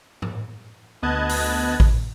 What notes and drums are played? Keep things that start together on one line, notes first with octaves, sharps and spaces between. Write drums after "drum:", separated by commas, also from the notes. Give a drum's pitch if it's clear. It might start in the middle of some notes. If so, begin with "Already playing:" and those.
drum: tom G#2
D2 B3 D#5 A5 F#6 G#6
drum: open hi-hat
drum: kick A1